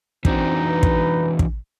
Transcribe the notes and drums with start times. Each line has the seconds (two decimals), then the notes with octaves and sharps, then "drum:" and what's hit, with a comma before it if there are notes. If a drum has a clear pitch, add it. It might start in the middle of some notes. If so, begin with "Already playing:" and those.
0.25 E3 C4 D4 D#4 F#4, drum: kick
0.69 B4
0.83 drum: kick
1.39 drum: kick